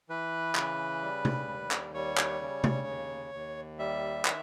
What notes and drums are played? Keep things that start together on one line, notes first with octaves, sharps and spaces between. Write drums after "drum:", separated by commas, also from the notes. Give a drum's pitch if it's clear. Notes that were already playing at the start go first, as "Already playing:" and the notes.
E3 B4
C#3, drum: clap
G3
drum: tom C3
D#2
drum: clap
G3 C#5
drum: clap
C#3
drum: tom C3
D#2
D#2
G3 E5
D#3, drum: clap